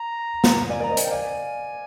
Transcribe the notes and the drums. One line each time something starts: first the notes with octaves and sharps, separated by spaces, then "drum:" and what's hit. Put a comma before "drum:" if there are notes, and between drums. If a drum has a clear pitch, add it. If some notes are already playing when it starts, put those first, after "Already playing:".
Already playing: A#5
drum: snare
D5 F5 G#5
A#4 D5 A#5
C5 D#5
G#5, drum: hi-hat
G5
D5 F5 G#5